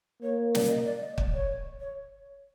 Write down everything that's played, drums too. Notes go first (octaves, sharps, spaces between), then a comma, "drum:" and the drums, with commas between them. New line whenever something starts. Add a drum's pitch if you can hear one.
A#3 C#5
D5, drum: snare
D#5
D5
D#5
D5, drum: kick
C#5
C#5